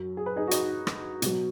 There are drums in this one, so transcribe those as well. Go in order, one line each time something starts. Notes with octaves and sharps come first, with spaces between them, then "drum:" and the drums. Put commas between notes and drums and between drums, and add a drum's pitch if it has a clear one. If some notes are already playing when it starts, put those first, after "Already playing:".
Already playing: F#2 F#3
G#4
B4
D#4 G#4
F#4
D#4, drum: hi-hat
drum: rim click
B2 F#3, drum: hi-hat